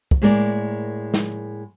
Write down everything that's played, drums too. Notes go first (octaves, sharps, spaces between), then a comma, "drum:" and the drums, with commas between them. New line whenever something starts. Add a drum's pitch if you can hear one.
drum: kick
A2 G#3 A#3 A#4 D5
drum: snare